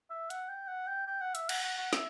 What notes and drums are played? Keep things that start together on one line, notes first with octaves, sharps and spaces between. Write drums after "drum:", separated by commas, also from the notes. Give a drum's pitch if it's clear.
E5
F#5, drum: hi-hat
G5
F#5
G5
G5
F#5
E5, drum: hi-hat
F#5, drum: cymbal
F#5
F#5
E5, drum: snare